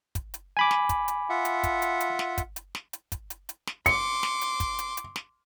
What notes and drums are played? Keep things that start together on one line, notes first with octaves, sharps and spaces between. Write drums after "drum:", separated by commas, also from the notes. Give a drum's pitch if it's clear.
drum: kick, hi-hat
drum: hi-hat
G#5 B5 D6
drum: snare
drum: kick, hi-hat
drum: hi-hat
F4 E5 F#5
drum: hi-hat
drum: kick, hi-hat
drum: hi-hat
drum: hi-hat
drum: snare
drum: kick, hi-hat
drum: hi-hat
drum: snare
drum: hi-hat
drum: kick, hi-hat
drum: hi-hat
drum: hi-hat
drum: snare
C6 D6 C#7, drum: kick, hi-hat
drum: snare
drum: hi-hat
drum: kick, hi-hat
drum: hi-hat
drum: hi-hat
drum: snare